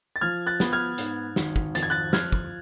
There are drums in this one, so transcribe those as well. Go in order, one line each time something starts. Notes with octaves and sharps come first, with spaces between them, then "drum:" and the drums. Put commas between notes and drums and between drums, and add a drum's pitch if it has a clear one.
A6
F3 F6 G#6
F#6 A6
B3, drum: snare
F6 G#6
G#2, drum: hi-hat
G#1, drum: snare
drum: kick
F2 A6, drum: hi-hat
G#6
F#6 A6
F3 F6 G#6, drum: snare
drum: kick